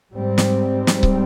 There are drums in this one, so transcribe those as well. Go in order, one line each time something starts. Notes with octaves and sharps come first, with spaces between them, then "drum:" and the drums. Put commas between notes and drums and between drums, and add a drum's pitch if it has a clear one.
G#2 G3 C4
drum: snare
drum: snare
drum: kick C#1